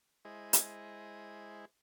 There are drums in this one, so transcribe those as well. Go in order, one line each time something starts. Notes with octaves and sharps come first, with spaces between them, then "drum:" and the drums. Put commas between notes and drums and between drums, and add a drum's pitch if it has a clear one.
G#3 E4 G#4 C5 D#5
drum: hi-hat